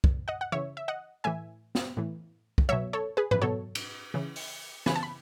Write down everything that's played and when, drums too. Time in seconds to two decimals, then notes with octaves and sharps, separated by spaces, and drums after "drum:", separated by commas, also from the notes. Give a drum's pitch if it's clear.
0.04 drum: kick
0.28 D#5 F#5
0.41 F#5
0.52 C#3 E3 C#5 E5
0.77 E5
0.88 D#5 F#5
1.24 A2 E3 E5 G#5
1.75 drum: snare
1.97 A2 E3
2.58 drum: kick
2.69 B2 F#3 C#5 E5
2.93 A4 C#5
3.17 G#4 B4
3.31 B4, drum: tom G#2
3.42 B2 F#3 A4 C#5
3.75 drum: cymbal
4.14 C#3 E3
4.36 drum: open hi-hat
4.86 C#3 E3 G#5 B5, drum: snare
4.96 A5
5.03 B5